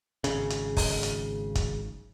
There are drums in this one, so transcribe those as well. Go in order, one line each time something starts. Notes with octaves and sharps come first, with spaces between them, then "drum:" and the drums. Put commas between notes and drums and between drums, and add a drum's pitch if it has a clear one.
G#1 C#3, drum: hi-hat
drum: hi-hat
drum: kick, open hi-hat
drum: hi-hat
drum: kick, hi-hat